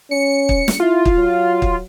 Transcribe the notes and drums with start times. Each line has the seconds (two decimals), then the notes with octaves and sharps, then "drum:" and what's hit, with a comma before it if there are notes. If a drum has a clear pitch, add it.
0.11 C#4 C#7
0.49 drum: kick
0.68 drum: snare
0.80 E4 F4
1.05 drum: kick
1.16 F#3
1.62 drum: kick